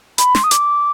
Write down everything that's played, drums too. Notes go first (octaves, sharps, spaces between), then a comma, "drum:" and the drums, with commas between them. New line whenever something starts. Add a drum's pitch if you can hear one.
B5, drum: hi-hat
C6, drum: snare
D#6
D6, drum: hi-hat